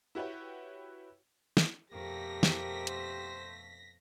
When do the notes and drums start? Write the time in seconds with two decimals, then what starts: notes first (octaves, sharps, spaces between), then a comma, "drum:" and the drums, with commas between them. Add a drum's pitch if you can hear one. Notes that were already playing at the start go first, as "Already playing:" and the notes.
0.15 E4 F#4 G4 B4 C#5
1.57 drum: snare
1.92 F2 B2 A3 G4 A#4 A#6 B6
2.43 drum: snare
2.87 C5, drum: hi-hat